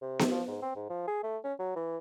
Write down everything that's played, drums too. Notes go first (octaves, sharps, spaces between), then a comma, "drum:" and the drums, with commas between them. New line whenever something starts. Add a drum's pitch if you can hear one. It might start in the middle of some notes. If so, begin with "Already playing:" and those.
C3
drum: snare B3
F3
G#2
C4
G#2
F3
G#4
A3
C#4
F#3
E3